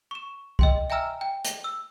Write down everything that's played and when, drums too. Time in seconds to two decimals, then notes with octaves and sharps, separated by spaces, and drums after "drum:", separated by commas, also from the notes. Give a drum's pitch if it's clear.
0.11 C#6 E7
0.59 D#5 G5 C6, drum: kick
0.90 E5 G5 G#5 A#5 E6 F6
1.21 G5
1.45 drum: hi-hat
1.64 E6